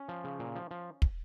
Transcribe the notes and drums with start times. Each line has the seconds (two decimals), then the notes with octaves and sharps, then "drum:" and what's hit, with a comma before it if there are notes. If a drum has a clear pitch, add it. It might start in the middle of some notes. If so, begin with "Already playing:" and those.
Already playing: C#4
0.09 F3
0.24 C#3
0.39 A#2
0.55 F3
0.71 F3
1.02 drum: kick